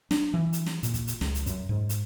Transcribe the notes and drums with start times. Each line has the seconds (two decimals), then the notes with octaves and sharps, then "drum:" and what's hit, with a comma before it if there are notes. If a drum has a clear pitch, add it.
0.11 D4, drum: snare
0.34 E3
0.53 drum: hi-hat
0.66 drum: snare
0.83 A#2, drum: hi-hat
0.94 drum: kick, hi-hat
1.07 drum: hi-hat
1.21 C#2, drum: snare
1.35 drum: hi-hat
1.46 F#2, drum: hi-hat
1.69 G#2
1.89 drum: hi-hat